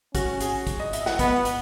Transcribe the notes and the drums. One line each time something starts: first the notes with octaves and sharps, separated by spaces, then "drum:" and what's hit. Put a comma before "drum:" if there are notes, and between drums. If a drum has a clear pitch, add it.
C#4 F#4, drum: kick, hi-hat
G#4, drum: hi-hat
drum: kick, hi-hat
D#5
E5, drum: hi-hat
F#5, drum: snare
B3, drum: kick, hi-hat
drum: hi-hat